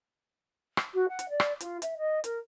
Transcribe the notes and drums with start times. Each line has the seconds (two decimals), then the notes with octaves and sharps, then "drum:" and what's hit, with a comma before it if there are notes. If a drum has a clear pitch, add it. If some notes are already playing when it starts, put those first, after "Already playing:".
0.77 drum: rim click
0.94 F#4
1.08 F#5
1.19 drum: hi-hat
1.29 D5
1.40 drum: rim click
1.61 F4, drum: hi-hat
1.82 E5, drum: hi-hat
1.97 D#5
2.24 A#4, drum: hi-hat